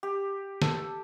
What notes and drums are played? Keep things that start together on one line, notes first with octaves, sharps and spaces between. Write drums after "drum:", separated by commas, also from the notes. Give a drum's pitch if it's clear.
G4
A4, drum: snare